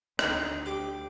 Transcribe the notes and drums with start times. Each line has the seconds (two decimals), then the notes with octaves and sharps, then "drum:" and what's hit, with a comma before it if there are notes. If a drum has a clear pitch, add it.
0.19 D2 D#4, drum: rim click
0.66 G4 D6